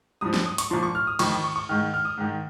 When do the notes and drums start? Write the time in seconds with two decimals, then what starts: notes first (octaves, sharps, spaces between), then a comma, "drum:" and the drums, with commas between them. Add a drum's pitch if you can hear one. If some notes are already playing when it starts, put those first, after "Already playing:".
0.21 G2 F3 D#6
0.34 D#6, drum: snare
0.46 D#6
0.58 C#6, drum: hi-hat
0.70 A#2 F3 C6
0.83 C#6
0.95 F6
1.07 D#6
1.19 F2 D#3 C#6, drum: cymbal
1.32 C#6
1.44 C#6
1.56 C#6
1.69 G#2 D#3 F6
1.94 F6
2.05 D#6
2.18 G#2 D#3